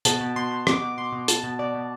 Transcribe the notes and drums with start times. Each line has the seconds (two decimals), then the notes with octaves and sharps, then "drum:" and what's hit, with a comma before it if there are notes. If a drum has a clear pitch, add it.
0.05 B2 A5, drum: hi-hat
0.20 B2
0.36 B2 C6
0.51 B2
0.67 B2 D6, drum: rim click
0.82 B2
0.97 B2 C6
1.12 B2
1.28 B2 A5, drum: hi-hat
1.43 B2
1.59 B2 D5
1.74 B2